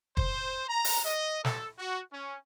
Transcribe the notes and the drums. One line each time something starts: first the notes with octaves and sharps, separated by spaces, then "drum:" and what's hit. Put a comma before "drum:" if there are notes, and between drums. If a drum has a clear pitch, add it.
C5, drum: kick
A#5
drum: open hi-hat
D#5
A4, drum: snare
F#4
C#4